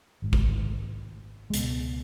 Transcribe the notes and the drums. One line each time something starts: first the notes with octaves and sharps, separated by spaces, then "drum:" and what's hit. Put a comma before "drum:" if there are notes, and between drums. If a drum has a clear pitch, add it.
G#1 G#2
drum: kick G#1
G#3
C#2 B2 B3, drum: hi-hat